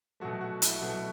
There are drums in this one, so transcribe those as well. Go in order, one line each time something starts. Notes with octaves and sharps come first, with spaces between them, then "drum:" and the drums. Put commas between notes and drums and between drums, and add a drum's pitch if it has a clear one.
B2 F#3 A3 F#4
F#4
E4, drum: hi-hat
B2 F#3 A3